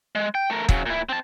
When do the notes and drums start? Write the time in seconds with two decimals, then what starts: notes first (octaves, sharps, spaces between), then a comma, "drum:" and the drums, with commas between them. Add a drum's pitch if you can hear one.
0.15 G#3
0.35 G5
0.50 A3 A#4
0.69 C#3 F#3, drum: kick
0.86 A#2 E4
1.09 C4 A5